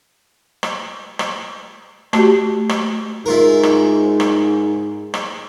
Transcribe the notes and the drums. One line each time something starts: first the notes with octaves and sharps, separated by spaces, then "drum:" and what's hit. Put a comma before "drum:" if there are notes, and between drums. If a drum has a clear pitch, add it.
drum: rim click
drum: rim click
A3 F#4 G4, drum: rim click
drum: rim click
G#2 E4 F4 A#4
drum: rim click
drum: rim click
drum: rim click